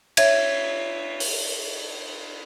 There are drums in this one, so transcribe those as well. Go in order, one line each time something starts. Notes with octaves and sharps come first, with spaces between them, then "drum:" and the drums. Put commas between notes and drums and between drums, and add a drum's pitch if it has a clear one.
C#5 E5 G#6, drum: cymbal
drum: open hi-hat